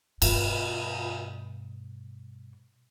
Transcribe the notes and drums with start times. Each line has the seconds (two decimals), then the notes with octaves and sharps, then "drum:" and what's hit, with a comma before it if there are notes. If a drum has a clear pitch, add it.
0.22 G2 B2, drum: cymbal